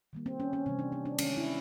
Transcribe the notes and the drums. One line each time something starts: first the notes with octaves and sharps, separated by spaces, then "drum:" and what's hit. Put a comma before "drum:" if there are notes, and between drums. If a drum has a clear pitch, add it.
D#3 G3 A#3
C4
C#4
C#4
C3 E3 G3 C4
D4
D4
D4
D#3 G#3 C#4, drum: cymbal
E4